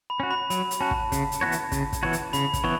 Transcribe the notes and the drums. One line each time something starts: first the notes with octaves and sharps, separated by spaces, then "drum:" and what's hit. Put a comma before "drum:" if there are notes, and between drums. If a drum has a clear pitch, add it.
B5
C#4 F#4
B5
F#3 B5, drum: hi-hat
drum: hi-hat
C#4 F#4 A5
drum: kick
C#3, drum: kick, hi-hat
drum: hi-hat
E3 B3 F#4 C#5
drum: hi-hat
C#3, drum: kick, hi-hat
drum: kick, hi-hat
E3 B3 F#4 C#5
drum: hi-hat
C#3 B5, drum: hi-hat
drum: kick, hi-hat
E3 B3 C#5 C#6